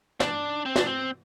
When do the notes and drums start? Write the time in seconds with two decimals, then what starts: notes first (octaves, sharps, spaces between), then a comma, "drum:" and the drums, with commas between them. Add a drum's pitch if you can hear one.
0.20 D4, drum: snare
0.66 C4
0.76 D4, drum: snare
0.86 C4